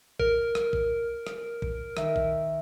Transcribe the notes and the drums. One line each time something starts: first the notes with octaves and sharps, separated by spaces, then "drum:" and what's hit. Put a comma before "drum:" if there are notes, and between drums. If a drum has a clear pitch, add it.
A#4, drum: kick
drum: rim click
drum: kick
drum: rim click
drum: kick
D#3 E5, drum: rim click
drum: kick